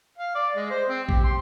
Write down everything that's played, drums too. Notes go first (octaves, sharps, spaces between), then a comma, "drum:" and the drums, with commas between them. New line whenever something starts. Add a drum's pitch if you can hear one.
F5
D5
G#3
C5
C4
G4, drum: kick A#1
C6